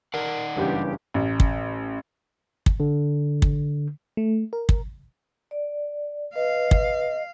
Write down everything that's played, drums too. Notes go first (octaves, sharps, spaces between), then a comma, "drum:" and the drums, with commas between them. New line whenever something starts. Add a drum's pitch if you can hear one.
D#4 A#4 D5 F#5
F#1 G2 C#3 E3 G4
A1
drum: kick
drum: kick
D3
drum: kick
A3
A#4
drum: kick
D5
B4 D#5 F5
drum: kick